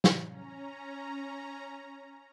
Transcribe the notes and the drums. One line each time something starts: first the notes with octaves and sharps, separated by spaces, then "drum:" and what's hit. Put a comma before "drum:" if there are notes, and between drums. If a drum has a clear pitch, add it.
drum: snare
C#4 A#5